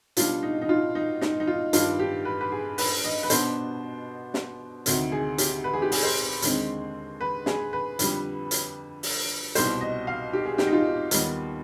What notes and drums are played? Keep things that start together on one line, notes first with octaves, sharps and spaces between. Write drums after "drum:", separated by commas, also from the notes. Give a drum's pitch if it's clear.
B2 G3 D4 F4, drum: hi-hat
D#4
D#4
F4
D#4
D#4, drum: snare
D#4
F4
G2 D#3 G3 D4 F4, drum: hi-hat
G4
B4
B4
G#4
B4, drum: open hi-hat
D#5
B4
B2 B3 D4 C5, drum: hi-hat
drum: snare
D2 C3 D#3, drum: hi-hat
G#4
G4, drum: hi-hat
B4
G#4
G4
G#4, drum: open hi-hat
C5
D#2 D3 G#3 C4, drum: hi-hat
B4
G#4, drum: snare
B4
F2 D3 G3, drum: hi-hat
drum: hi-hat
drum: open hi-hat
C2 B2 G3 C5, drum: hi-hat
D#5
F5
G4
G#4
G4, drum: snare
D#4
F4
D#2 D#3 G3 B3, drum: hi-hat